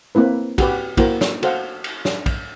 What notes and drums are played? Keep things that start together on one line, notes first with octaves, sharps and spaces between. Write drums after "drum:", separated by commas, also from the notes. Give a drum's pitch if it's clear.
A#3 C4 E4 B4
F#4 G4 B4, drum: kick, cymbal
A#3 E4 F#4 A#4 C5 G5, drum: kick, cymbal
drum: snare
F#4 A4 C5 F5 F#5, drum: cymbal
drum: cymbal
drum: snare
drum: kick, cymbal